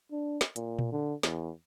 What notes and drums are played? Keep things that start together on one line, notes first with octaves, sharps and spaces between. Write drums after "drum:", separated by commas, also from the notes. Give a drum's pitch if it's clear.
D4
drum: snare
A#2, drum: hi-hat
drum: tom A#2
D3
E2, drum: snare